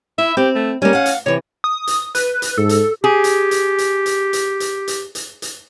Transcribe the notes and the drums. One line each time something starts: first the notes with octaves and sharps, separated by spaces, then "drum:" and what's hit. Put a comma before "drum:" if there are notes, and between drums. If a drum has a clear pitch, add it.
E4 E5
C4 G4
A3
G3 A#3 C#4
F5 F#5
drum: hi-hat
C3 E3 C#5
D#6
drum: hi-hat
B4, drum: hi-hat
drum: hi-hat
G#2 A4
drum: hi-hat
G4 G#4
drum: hi-hat
drum: hi-hat
drum: hi-hat
drum: hi-hat
drum: hi-hat
drum: hi-hat
drum: hi-hat
drum: hi-hat
drum: hi-hat